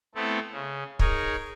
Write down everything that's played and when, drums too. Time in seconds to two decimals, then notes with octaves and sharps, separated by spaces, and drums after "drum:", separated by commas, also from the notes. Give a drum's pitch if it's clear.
0.15 A3 B3 C4 E4 A4
0.52 C#3
0.99 D#4 G#4 A#4 C#5, drum: kick